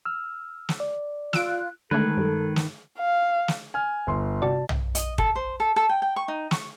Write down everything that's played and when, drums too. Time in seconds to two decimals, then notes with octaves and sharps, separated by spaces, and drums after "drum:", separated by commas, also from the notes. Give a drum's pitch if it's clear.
0.05 E6 F6
0.69 drum: snare
0.80 D5
1.33 F4 E6 F#6 D7, drum: snare
1.91 D3 D#3 G#3 A3 A4 B4 F#6 G#6
2.17 G2
2.56 drum: snare
2.99 F5
3.48 drum: snare
3.74 G#5 F6
4.07 G1 C6
4.42 C3 F#4 D5 A5
4.69 drum: tom
4.95 D#5, drum: hi-hat
5.18 A4, drum: kick
5.36 C5
5.60 A4
5.76 A4
5.89 G5
6.02 G5
6.16 C#6
6.28 D#4
6.51 C#6, drum: snare